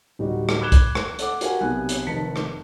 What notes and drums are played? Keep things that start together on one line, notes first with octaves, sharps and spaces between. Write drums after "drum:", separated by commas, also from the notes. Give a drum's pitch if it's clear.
D1 G3 D#4 F#4
drum: rim click
B5 D6 F#6 G#6 E7 G7
drum: kick, hi-hat
drum: rim click
A4 F#5 D6, drum: hi-hat
F#4 G4 A#4 F5 F#5 G#5, drum: hi-hat
B1 C3 B3 G#5 F#6
drum: hi-hat
F1 D#3 B4 A5 B6 C#7
drum: rim click